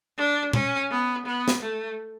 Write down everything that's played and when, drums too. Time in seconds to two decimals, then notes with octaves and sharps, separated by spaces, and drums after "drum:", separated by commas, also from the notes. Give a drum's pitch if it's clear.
0.18 D4
0.53 C#4, drum: tom A#2
0.90 B3
1.26 B3
1.48 drum: snare
1.62 A3